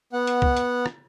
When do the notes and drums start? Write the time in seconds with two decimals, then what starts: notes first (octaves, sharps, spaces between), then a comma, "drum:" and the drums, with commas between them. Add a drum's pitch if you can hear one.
0.13 B3 F#5
0.27 drum: hi-hat
0.42 drum: kick
0.57 drum: hi-hat
0.86 drum: rim click